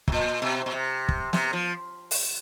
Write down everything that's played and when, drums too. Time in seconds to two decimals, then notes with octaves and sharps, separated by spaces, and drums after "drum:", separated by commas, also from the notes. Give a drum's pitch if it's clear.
0.08 B2, drum: kick
0.12 A#2
0.42 B2
0.66 B2
0.72 C3
1.09 drum: kick
1.33 C3, drum: snare
1.53 F3
2.11 drum: open hi-hat